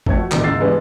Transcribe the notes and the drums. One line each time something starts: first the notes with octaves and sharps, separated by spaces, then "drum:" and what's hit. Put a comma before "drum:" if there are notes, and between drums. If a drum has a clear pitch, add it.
F2 A3 C#5 G#6, drum: kick
F#4
D#1 A1 D#2, drum: clap
G#2 C#3 E6 A6 C7
E3 G3 G#3 B3 D4 B4